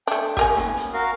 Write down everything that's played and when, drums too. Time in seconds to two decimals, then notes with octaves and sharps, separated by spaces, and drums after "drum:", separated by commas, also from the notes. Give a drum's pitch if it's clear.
0.07 A3 D4 G5
0.37 B3 C#4 G4 A#4 G#5, drum: kick, hi-hat
0.57 drum: snare
0.77 drum: hi-hat
0.93 F#4 A#4 F5